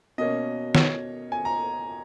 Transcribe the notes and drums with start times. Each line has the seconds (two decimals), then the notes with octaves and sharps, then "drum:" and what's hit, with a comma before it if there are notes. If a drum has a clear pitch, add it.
0.18 B2 A#3 C#4 D#5
0.75 C#5, drum: snare
1.32 G#5
1.45 A#5